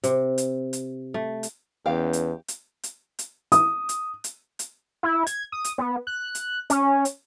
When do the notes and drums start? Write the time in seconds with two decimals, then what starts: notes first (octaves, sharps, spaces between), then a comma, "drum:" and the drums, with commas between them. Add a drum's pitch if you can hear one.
0.04 C3, drum: hi-hat
0.38 drum: hi-hat
0.73 drum: hi-hat
1.14 A3
1.43 drum: hi-hat
1.86 E2 C#4 G4 B4 F5
2.13 drum: hi-hat
2.48 drum: hi-hat
2.83 drum: hi-hat
3.19 drum: hi-hat
3.52 D#6, drum: hi-hat
3.89 drum: hi-hat
4.24 drum: hi-hat
4.59 drum: hi-hat
5.03 E4
5.27 G#6, drum: hi-hat
5.52 D#6
5.64 drum: hi-hat
5.78 B3
6.07 F#6
6.35 drum: hi-hat
6.70 C#4, drum: hi-hat
7.05 drum: hi-hat